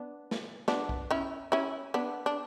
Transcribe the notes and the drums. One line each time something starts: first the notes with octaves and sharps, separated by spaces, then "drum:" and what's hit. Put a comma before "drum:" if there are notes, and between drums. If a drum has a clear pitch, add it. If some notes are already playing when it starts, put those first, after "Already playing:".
Already playing: B3 D4
drum: snare
B3 D4, drum: snare
drum: kick
C#4 E4
C#4 E4
B3 D4
D4